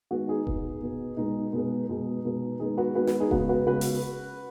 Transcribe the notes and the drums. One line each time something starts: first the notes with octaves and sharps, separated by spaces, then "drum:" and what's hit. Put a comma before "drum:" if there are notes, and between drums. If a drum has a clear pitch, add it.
D#3 G#3 B3 F#4
D#4 G#4
B2 B3, drum: kick E1
B2 B3
B2 G#3 B3 D#4
B2 G#3 B3
B2 G#3 B3
B2 G#3 B3
D#3 G#3 B3 D#4 G#4
F#4 B4
D#3 G#3 B3 F#4 B4
F#4 B4, drum: snare
D#4 G#4
C#3 G#3 B3 F#4 B4, drum: kick E1
F#4 B4
C#3 G#3 B3 F#4 B4
drum: open hi-hat